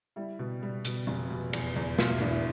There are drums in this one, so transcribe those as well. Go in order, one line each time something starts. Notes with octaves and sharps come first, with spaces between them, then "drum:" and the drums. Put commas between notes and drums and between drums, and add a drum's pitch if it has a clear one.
G3 E4
B2
G3
B2, drum: hi-hat
F1
B2
E2, drum: cymbal
E2
B2 F4, drum: snare
E4
E2 D4
E4